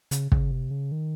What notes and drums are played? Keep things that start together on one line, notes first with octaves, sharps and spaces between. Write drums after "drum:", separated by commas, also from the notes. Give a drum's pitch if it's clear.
C#3, drum: hi-hat
C#3, drum: kick
C3
C#3
D#3